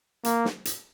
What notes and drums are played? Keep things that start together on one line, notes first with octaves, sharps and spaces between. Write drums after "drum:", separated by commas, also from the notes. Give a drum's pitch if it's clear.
A#3, drum: hi-hat
drum: snare
drum: hi-hat